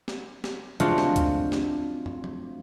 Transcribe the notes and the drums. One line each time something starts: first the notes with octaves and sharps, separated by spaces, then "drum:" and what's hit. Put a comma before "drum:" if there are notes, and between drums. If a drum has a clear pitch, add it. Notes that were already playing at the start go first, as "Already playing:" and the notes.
drum: snare
drum: snare
G#3 A3 C4 D4 F4 F#4, drum: hi-hat
drum: snare
drum: kick D2, hi-hat
drum: snare
drum: tom
drum: tom F3